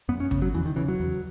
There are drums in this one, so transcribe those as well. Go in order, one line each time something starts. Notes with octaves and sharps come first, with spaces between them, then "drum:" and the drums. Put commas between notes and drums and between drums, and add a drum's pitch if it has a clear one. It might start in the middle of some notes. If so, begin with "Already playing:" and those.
F#2 B3
C#4
C#3, drum: kick
F#3
E2 E3
D#3
C#3 E3
F#3
E2